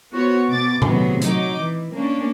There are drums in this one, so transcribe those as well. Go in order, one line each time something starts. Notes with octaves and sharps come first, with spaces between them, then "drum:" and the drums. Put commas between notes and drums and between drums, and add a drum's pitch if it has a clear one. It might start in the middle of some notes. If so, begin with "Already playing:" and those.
B3 F#4 C5 C#5
B2 D6 A6
A2 C3 D#3 F#3 B3 G#4, drum: tom A#2
F#3 D#4 D6, drum: hi-hat
E3
A#3 C#4 D4